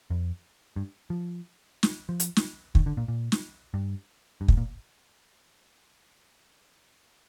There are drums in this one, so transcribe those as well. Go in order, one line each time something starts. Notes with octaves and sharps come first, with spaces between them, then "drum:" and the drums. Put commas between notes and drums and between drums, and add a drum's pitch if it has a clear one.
F2
G2
F3
drum: snare
F3
drum: hi-hat
drum: snare
D#3, drum: kick
D3
A#2
A#2
drum: snare
G2
G2
G#2, drum: kick
A#2